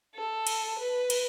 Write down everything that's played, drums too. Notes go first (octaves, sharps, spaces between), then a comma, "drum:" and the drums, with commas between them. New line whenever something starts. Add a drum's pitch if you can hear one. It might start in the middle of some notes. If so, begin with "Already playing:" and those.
A4
drum: cymbal
B4
drum: cymbal